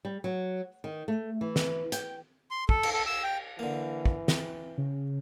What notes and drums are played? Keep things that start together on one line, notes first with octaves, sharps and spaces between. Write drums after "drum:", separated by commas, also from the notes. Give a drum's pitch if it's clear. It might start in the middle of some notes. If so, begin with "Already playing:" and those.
G3
F#3
D#3
A3
E3
drum: snare
G5, drum: hi-hat
C6
A4, drum: kick
drum: cymbal
A4
E6
G5
D3 E3 A#3
drum: kick
G5, drum: snare
C#3